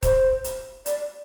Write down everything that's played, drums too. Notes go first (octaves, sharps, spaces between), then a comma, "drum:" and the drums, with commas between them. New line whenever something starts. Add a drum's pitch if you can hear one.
C5, drum: kick D#1, hi-hat
drum: hi-hat
D5, drum: hi-hat